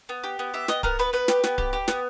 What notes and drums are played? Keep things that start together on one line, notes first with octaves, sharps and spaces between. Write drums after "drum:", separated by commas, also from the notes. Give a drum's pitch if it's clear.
B3
G4
B3
G4 E5
B3 D#5, drum: snare
B3 A#4, drum: kick D1
B3 B4
B3 B4
G4, drum: snare
B3, drum: snare
G4, drum: kick D1
G4
B3, drum: snare